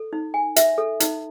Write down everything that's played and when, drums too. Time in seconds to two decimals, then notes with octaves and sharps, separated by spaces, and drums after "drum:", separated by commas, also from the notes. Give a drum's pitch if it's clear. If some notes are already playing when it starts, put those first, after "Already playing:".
Already playing: A4
0.13 D#4
0.34 G#5
0.56 E5, drum: hi-hat
0.78 A4
1.00 D#4, drum: hi-hat